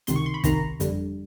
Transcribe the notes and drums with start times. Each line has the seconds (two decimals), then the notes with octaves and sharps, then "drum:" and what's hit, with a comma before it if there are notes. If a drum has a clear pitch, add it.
0.07 C#2 C3 D#3 C6, drum: hi-hat
0.16 C#6
0.26 C6
0.34 B5
0.44 C#2 C3 D#3 A#5, drum: kick, hi-hat
0.80 G1 F2 D3 G3, drum: hi-hat